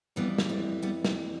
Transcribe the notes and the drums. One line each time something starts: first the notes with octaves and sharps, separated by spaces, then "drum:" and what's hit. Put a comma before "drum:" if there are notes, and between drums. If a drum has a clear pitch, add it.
F2 E3 G3 B3 D4
drum: snare
A3 C4
G3 B3
G3, drum: snare